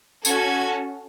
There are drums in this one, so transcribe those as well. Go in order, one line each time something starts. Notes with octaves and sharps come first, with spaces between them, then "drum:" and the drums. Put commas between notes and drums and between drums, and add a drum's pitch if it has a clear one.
C#4 F#4 A4 G#6, drum: tambourine